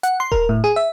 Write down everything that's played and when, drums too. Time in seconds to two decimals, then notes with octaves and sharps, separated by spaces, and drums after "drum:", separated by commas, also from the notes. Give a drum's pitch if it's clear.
0.03 F#5, drum: hi-hat
0.20 C6
0.32 A#4, drum: kick D#1
0.49 A2
0.64 G#4
0.76 E5